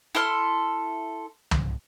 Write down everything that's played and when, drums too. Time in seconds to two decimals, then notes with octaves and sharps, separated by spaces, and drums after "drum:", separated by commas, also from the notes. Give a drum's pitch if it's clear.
0.15 E4 A4 C6 F6
1.51 drum: tom